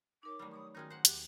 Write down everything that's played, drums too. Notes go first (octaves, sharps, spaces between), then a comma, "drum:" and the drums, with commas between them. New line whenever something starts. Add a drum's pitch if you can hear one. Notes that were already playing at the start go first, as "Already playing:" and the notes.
D#4 A#4 C#5 D6
D#3 E3 F#3 G3 A3
C#5 B5 C#6 D#6
D#3 G#3 C#4 D#4 F#4 A#4 G5
C5 F#5
D#2 G4 F#6, drum: hi-hat